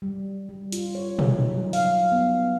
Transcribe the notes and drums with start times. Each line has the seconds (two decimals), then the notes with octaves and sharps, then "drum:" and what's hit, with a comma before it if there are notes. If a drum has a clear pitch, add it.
0.02 G3
0.49 G3
0.72 F4, drum: hi-hat
0.95 C#5
1.19 drum: tom
1.39 D#4
1.51 F#3
1.73 F5, drum: open hi-hat
2.12 B3